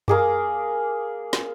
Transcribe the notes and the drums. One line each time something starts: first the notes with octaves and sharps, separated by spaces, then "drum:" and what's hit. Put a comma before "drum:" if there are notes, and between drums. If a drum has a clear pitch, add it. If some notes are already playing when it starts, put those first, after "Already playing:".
A#3 G#4 D6, drum: tom F#2
drum: snare